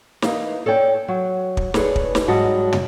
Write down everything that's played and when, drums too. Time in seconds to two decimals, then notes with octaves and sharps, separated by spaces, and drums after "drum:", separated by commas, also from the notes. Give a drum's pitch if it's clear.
0.22 E3 A#3 D#4, drum: snare
0.66 A4 C#5 D5 G5
1.08 F#3
1.57 drum: kick
1.74 G#4 A4 B4 C#5 D5, drum: snare
1.96 drum: kick
2.15 drum: snare
2.28 G#2 F#3 G3 F#4 D#5 A5
2.73 drum: tom